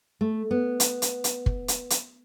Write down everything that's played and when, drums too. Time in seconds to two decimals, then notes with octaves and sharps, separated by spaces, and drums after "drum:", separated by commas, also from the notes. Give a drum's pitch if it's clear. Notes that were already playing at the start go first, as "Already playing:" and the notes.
0.21 A3
0.51 B3
0.80 drum: hi-hat
1.02 drum: hi-hat
1.24 drum: hi-hat
1.46 drum: kick
1.68 drum: hi-hat
1.90 drum: hi-hat